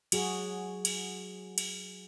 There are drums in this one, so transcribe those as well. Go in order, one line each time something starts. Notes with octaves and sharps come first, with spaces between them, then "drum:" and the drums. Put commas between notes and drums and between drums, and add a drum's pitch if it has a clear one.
F#3 F#4 G#4, drum: cymbal
drum: cymbal
drum: cymbal